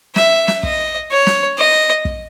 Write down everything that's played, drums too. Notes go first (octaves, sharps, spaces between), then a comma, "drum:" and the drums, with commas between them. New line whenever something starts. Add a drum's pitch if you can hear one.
E5, drum: snare
drum: snare
D#5, drum: kick
C#5
drum: snare
D#5
drum: kick